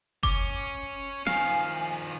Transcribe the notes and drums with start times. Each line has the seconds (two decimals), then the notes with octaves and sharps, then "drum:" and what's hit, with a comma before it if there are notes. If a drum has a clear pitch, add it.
0.23 C#4 D6, drum: kick F#1
1.27 D#3 F3 F5 G#5, drum: snare